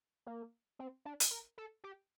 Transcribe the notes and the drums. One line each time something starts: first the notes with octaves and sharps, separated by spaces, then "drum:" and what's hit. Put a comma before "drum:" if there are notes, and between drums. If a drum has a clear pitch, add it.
A#3
C4
D4
drum: hi-hat
A#4
A4
G4